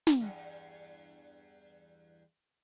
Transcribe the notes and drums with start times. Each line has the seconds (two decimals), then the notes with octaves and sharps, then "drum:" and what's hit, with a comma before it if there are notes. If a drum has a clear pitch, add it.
0.07 drum: snare
0.20 E2 G2